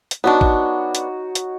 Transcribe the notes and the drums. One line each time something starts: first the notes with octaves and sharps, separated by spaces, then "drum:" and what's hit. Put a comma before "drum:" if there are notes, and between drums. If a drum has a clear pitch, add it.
drum: hi-hat
B3 D4 D#4 F#4 C#5
drum: kick A1
drum: hi-hat
drum: hi-hat